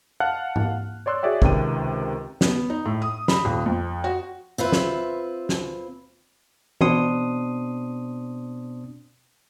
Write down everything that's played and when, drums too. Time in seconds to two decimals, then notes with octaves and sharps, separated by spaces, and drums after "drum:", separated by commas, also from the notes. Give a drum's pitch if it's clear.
0.20 F5 F#5 A5 F6 F#6
0.56 drum: tom G#2
1.06 C#5 D5 C6 E6 F#6
1.23 F#4 G#4 C#5 D5 E5 G5
1.42 C#2 C3 D#3 G5 D#7, drum: kick
2.41 B3, drum: snare
2.70 D#4
2.86 A2
3.02 D#6
3.28 B5, drum: snare
3.45 D#1
3.66 F2
4.04 F#4
4.58 C4 F4 B4 E5
4.72 drum: snare
5.49 drum: snare
6.81 B2 C4 D4 C6 D#6, drum: tom